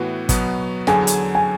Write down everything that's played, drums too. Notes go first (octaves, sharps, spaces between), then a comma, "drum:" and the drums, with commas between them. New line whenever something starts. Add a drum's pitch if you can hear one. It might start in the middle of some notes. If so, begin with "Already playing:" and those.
Already playing: A2 E3 B3 F#4
B2 F#3 B3, drum: kick, hi-hat
E2 D3 F#3 G#4 G#5, drum: snare
drum: hi-hat
G#5